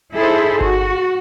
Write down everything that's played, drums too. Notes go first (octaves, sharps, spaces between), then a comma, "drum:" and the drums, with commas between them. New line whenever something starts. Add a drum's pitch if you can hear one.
D#4 E4 G#4 A4 C5
F#4, drum: kick G1